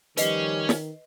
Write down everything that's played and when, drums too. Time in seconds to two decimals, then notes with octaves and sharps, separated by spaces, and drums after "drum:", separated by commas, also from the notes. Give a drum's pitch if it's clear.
0.17 D#3 F3 G3 C#4 G4 B4 D#5 C7, drum: hi-hat
0.69 drum: snare